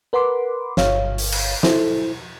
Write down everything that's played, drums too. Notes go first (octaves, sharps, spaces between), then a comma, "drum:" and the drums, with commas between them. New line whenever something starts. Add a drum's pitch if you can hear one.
A#4 B4 F#5 B5 C6 D6
G1 C#5 F5, drum: snare
drum: open hi-hat
drum: cymbal
E4 A4 C5, drum: snare